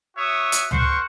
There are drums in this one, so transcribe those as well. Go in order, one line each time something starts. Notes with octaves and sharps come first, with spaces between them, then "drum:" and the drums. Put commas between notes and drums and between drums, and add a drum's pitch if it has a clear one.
F#4 C#5 E5 D#6
drum: hi-hat
A#4 C5 F#5 C#6, drum: tom C#2